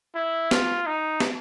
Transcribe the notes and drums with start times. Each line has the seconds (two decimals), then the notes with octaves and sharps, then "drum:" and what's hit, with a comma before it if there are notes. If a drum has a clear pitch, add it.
0.15 E4
0.51 F4, drum: snare
0.86 D#4
1.20 drum: snare